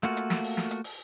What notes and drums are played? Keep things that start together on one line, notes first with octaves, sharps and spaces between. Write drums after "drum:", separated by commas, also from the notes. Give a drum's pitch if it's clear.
A3 A#3 F4 F#4, drum: hi-hat
drum: hi-hat
drum: snare
drum: open hi-hat
drum: snare
drum: hi-hat
drum: open hi-hat